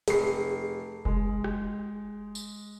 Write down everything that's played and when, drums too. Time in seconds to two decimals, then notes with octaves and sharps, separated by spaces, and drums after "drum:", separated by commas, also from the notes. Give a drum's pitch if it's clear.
0.08 F1 G#4 C7, drum: hi-hat
1.05 G#3, drum: kick F1
1.44 drum: rim click
2.35 drum: tambourine